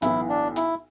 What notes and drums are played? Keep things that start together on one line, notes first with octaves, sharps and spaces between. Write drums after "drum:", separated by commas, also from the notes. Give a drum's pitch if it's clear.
B1 A2 E3 B3 E4, drum: hi-hat
D4
E4, drum: hi-hat